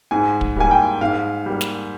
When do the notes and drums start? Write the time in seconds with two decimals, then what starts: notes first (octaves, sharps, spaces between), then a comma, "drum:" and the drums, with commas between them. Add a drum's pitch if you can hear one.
0.11 G#2 G#5
0.41 drum: kick
0.56 G3 A#3 G#5
0.71 G5
1.01 G#2 F5
1.46 G3 A#3
1.61 drum: snare